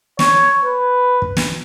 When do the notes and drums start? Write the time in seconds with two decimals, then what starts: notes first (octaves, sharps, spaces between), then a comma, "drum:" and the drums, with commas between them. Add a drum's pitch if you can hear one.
0.19 C#5, drum: snare
0.63 B4
1.22 drum: kick
1.37 drum: snare